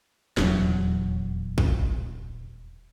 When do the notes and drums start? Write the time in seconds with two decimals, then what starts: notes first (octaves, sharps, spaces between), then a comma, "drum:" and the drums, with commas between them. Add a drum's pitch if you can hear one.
0.37 D#1 E2 F#3, drum: snare
1.58 drum: kick A1